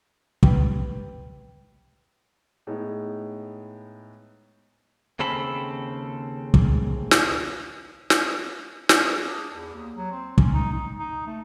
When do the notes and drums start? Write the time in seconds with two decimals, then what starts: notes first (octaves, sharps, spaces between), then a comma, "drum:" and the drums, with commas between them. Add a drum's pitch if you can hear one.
0.43 G4 B4, drum: kick
2.67 A2 G#3 B3 D#4
5.19 D#2 C#3 C4 A4 B5
6.54 drum: kick
7.11 drum: snare
8.10 drum: snare
8.89 drum: snare
9.09 G#4
9.27 D4
9.54 E2
9.73 D#2
9.96 F#3
10.12 C4
10.38 C#4, drum: kick
10.53 D#4
10.73 D#4
10.99 D#4
11.27 A3